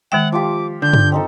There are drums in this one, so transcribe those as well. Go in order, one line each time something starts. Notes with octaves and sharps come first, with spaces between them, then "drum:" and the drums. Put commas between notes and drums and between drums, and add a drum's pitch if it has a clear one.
D#3 G#3 F#5 G5
F3 F4 G4 D6
D3 G6
drum: tom G2
C4 D#4 A4